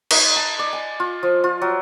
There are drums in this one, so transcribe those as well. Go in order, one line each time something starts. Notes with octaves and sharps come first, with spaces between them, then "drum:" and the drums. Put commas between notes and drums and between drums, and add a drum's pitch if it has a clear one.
D#4, drum: cymbal
A5
D5
G#5
F4
F3
F4
F#3